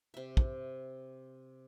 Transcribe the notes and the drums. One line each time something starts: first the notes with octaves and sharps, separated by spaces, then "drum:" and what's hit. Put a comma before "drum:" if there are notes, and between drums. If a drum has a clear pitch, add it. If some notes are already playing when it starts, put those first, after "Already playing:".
C3 E5
drum: kick